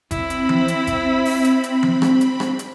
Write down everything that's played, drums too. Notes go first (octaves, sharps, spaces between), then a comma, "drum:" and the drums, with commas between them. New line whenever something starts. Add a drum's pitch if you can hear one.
C4 E4 B5, drum: kick G#1, hi-hat
drum: hi-hat
drum: tom E3
drum: hi-hat
drum: kick G#1, hi-hat
drum: open hi-hat
drum: hi-hat
drum: hi-hat
drum: tom E3
drum: rim click
drum: hi-hat
drum: rim click
drum: hi-hat